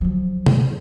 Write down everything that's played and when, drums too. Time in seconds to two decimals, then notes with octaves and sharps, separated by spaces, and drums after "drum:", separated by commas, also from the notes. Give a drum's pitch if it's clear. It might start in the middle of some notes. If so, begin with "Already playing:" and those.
0.01 F3 F#3
0.46 drum: tom